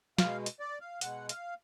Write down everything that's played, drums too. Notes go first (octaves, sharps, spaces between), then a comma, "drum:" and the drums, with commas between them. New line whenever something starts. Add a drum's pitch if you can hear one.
B2 G#3 F5, drum: snare
drum: hi-hat
D5
F5
B2 G#3 F#5, drum: hi-hat
F5, drum: hi-hat